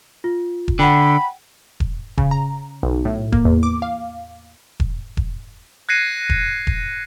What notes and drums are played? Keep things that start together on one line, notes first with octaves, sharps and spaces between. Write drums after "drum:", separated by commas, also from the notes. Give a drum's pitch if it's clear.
F4
drum: kick E1
D3 F#5 G5 B5
drum: kick E1
C#3, drum: kick E1
A#5
B1
A2
A#3, drum: kick E1
E2
D6
F5
drum: kick E1
drum: kick E1
F#6 G#6 A#6 C7 C#7 D#7
drum: kick E1
drum: kick E1